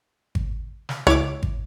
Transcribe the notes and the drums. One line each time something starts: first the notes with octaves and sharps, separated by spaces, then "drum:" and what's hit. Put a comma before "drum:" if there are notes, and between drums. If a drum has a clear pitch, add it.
drum: kick G#1
drum: snare
C#2 E4 C#5 D6
drum: kick G#1